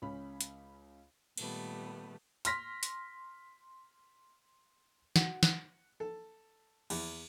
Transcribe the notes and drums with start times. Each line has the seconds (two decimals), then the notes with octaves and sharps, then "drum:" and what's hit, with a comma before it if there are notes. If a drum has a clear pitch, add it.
0.02 C#2 C#4 B5
0.41 drum: hi-hat
1.38 A#2 D#3 G3 A3 B3, drum: cymbal
2.45 C6 F6 A#6 B6, drum: hi-hat
2.83 drum: hi-hat
5.16 F#4, drum: snare
5.43 F#5, drum: snare
6.00 A4
6.90 E2, drum: cymbal